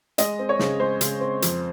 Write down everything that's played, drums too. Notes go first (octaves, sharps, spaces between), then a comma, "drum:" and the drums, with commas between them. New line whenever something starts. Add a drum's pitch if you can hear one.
G#3 D#5, drum: hi-hat
C4
C#5
C#3, drum: snare
G#3 C5
C#3, drum: hi-hat
C4
F2, drum: hi-hat